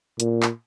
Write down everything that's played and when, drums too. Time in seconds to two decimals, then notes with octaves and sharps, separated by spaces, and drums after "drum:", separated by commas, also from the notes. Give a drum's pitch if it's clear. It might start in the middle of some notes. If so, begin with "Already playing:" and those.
0.20 A#2, drum: hi-hat
0.43 drum: clap